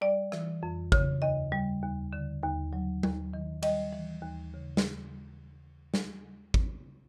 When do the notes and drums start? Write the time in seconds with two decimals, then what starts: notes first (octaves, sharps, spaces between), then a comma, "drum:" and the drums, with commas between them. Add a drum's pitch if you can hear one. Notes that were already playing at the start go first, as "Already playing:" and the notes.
0.01 G3 D5
0.32 E3, drum: rim click
0.63 F2
0.92 C#3, drum: kick G#1
1.22 D#2 D#5
1.52 G3
1.82 D#2
2.13 D3
2.43 D#2
2.73 F#3
3.03 D#2, drum: tom F#3
3.34 D#3
3.63 G3 D#5, drum: cymbal
3.93 E3
4.23 D#2
4.54 C#3
4.77 drum: snare
5.94 drum: snare
6.54 drum: kick G#1